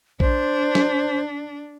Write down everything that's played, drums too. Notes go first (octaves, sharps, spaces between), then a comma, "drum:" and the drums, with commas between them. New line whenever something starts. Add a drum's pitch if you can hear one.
D4 C5, drum: kick A#1
drum: snare